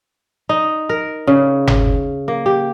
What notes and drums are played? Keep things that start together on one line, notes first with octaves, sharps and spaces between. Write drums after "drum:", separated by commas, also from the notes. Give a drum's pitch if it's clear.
D#4
A#4
C#3
drum: tom G1
A#3
G4